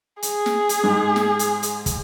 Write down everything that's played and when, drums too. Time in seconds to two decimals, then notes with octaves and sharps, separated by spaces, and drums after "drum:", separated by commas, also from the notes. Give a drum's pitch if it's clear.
0.22 G#4, drum: hi-hat
0.46 drum: snare
0.69 drum: hi-hat
0.84 G#2
1.16 drum: snare
1.39 drum: hi-hat
1.63 drum: hi-hat
1.86 drum: kick, hi-hat